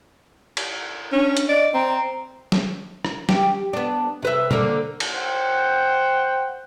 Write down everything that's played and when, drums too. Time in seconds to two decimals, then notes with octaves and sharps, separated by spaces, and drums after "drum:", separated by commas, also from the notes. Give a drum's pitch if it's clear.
0.57 drum: cymbal
1.12 C#4 D4
1.37 drum: hi-hat
1.49 D5 D#5
1.74 C4 A#5
2.52 drum: snare
3.05 drum: rim click
3.29 G4, drum: snare
3.73 B3 D4
4.22 C3 B4 E5
4.51 D3 A#3 A#4, drum: tom B2
5.00 drum: cymbal
5.15 C5 F#5 G5